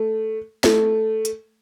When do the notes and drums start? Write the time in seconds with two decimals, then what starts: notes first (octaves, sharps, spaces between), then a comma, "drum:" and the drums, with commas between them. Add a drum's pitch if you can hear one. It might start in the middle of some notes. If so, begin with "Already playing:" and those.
Already playing: A3
0.64 A3, drum: snare
1.25 drum: hi-hat